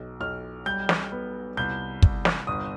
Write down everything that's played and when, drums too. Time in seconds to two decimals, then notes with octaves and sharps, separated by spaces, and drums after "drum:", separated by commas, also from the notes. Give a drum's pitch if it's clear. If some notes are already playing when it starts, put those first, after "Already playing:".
Already playing: B1
0.20 B1 F6
0.66 G3 G6
0.89 drum: snare
1.12 B3
1.57 C2 G6
2.02 C2, drum: kick
2.25 drum: snare
2.47 G1 D#6